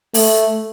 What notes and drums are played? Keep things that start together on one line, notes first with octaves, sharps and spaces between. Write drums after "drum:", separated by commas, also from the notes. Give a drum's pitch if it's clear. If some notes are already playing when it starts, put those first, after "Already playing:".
A3, drum: open hi-hat